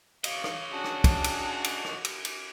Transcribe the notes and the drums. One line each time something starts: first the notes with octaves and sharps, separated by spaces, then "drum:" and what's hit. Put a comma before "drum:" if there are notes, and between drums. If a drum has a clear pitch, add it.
C#5 D#5 F5, drum: cymbal
drum: rim click
C#4 D4 F#4 G#4 A5
drum: rim click
drum: kick, cymbal
drum: cymbal
drum: cymbal
drum: rim click
drum: cymbal
drum: cymbal